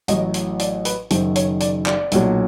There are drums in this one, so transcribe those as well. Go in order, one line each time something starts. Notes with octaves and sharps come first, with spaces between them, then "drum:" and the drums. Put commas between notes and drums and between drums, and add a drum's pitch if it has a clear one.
A1 A2 F#3 D#5, drum: hi-hat
drum: hi-hat
D5, drum: hi-hat
B4, drum: hi-hat
F#1 F#2 D#3 C5, drum: hi-hat
C#5, drum: hi-hat
D5, drum: hi-hat
D5, drum: clap
B1 A#2 F#3, drum: hi-hat